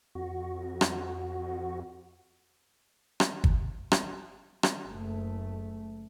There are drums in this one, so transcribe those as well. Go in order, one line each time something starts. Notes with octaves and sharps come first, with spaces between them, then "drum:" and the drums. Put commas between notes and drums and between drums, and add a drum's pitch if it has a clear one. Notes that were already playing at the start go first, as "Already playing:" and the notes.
F2 F#4
drum: rim click
drum: rim click
drum: kick
drum: rim click
drum: rim click
F#1 A3